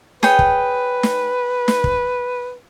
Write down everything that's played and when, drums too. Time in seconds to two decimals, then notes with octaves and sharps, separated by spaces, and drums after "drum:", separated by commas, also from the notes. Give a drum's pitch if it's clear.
0.23 G#4 B4 C#5 G5, drum: snare
0.39 drum: kick
1.03 drum: snare
1.68 drum: snare
1.84 drum: kick